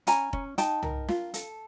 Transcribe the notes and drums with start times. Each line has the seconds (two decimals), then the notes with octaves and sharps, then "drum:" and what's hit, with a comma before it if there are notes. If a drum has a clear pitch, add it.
0.07 C#4 G#5 A#5, drum: hi-hat
0.33 C#4, drum: kick F1
0.58 D#4 G5 A5, drum: hi-hat
0.83 A#4, drum: tom C2
1.08 F4, drum: snare
1.34 A4, drum: hi-hat